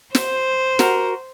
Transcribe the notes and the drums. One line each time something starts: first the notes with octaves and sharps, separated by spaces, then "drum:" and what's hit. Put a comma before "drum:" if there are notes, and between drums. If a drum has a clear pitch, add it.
C5, drum: snare
F#4 A#4, drum: snare